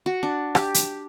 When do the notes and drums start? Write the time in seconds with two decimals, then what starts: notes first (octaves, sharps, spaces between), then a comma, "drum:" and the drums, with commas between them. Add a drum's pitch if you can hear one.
0.06 F#4
0.23 D4
0.55 G4, drum: rim click
0.74 drum: hi-hat